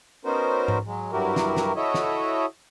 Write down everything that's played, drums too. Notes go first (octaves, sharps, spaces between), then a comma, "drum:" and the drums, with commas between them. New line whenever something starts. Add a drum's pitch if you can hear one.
B3 C#4 D#4 F#4 A#4 C5
drum: tom G#2
F#3 G#3
G2 F#3 E4 F#4 G4 A#4
drum: snare
drum: snare
E4 F#4 A4 C#5 D#5 E5
drum: snare